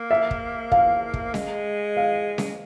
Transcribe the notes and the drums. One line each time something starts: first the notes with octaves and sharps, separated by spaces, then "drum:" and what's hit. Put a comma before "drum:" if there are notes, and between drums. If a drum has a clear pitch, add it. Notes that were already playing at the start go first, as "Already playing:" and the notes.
Already playing: A#3
E5
drum: kick
F5, drum: kick
drum: kick
G#3, drum: snare C#4
F5
drum: snare C#4